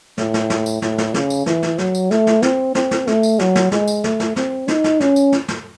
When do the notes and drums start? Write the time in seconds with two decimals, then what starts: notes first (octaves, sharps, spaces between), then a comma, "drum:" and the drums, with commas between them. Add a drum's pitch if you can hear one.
0.18 A2, drum: snare
0.34 drum: snare
0.50 drum: snare
0.66 drum: tambourine
0.82 A2, drum: snare
0.98 drum: snare
1.14 C#3, drum: snare
1.30 drum: tambourine
1.46 E3, drum: snare
1.62 drum: snare
1.78 F#3, drum: snare
1.95 drum: tambourine
2.11 A3, drum: snare
2.27 drum: snare
2.42 C4, drum: snare
2.75 C4, drum: snare
2.91 drum: snare
3.07 A3, drum: snare
3.23 drum: tambourine
3.39 F#3, drum: snare
3.55 drum: snare
3.71 G#3, drum: snare
3.88 drum: tambourine
4.04 A3, drum: snare
4.20 drum: snare
4.36 C4, drum: snare
4.68 D#4, drum: snare
4.84 drum: snare
5.00 C#4, drum: snare
5.16 drum: tambourine
5.32 drum: snare
5.48 drum: snare